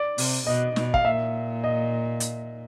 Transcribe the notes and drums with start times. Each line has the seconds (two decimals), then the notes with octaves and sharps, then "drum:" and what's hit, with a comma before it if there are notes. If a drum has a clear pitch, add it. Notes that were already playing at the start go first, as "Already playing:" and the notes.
Already playing: D5
0.18 C3, drum: open hi-hat
0.47 B2 D#5
0.76 B2, drum: snare
0.94 F5, drum: kick
1.05 A#2 E5
1.64 D#5
2.20 drum: hi-hat